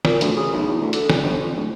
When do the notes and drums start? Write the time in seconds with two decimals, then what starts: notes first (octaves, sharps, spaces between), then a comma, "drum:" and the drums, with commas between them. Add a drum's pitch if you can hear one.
0.05 A#2, drum: snare
0.21 D2, drum: hi-hat
0.36 C#3
0.53 B1
0.67 E2
0.81 D2
0.93 D3, drum: hi-hat
1.10 C#2, drum: snare
1.22 G1
1.41 F2
1.55 D1